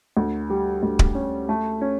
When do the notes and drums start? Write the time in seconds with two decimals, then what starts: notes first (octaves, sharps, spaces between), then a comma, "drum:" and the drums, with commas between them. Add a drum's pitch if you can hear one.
0.17 D2
0.50 G3
0.83 D2
0.99 drum: kick D1
1.15 C#4
1.49 A3
1.81 C#4